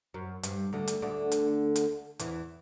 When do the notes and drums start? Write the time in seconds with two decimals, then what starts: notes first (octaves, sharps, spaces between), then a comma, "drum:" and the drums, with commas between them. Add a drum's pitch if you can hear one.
0.14 F#2
0.43 G2, drum: hi-hat
0.73 D2 D3
0.88 drum: hi-hat
1.02 D2 D3
1.32 drum: hi-hat
1.76 drum: hi-hat
2.19 E2 E3, drum: hi-hat